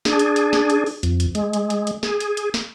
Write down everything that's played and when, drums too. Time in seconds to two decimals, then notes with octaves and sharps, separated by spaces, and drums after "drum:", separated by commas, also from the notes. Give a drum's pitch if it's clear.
0.05 D4 G#4, drum: snare
0.19 drum: hi-hat
0.36 drum: hi-hat
0.53 drum: snare
0.70 drum: hi-hat
0.86 drum: open hi-hat
1.03 F2, drum: hi-hat
1.20 drum: hi-hat
1.35 G#3, drum: hi-hat
1.53 drum: hi-hat
1.70 drum: hi-hat
1.87 drum: hi-hat
2.03 G#4, drum: snare
2.20 drum: hi-hat
2.37 drum: hi-hat
2.54 drum: snare